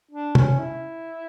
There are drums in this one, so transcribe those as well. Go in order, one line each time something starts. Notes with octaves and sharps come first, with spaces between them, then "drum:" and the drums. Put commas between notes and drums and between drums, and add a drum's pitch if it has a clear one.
D4
C#4, drum: tom
E4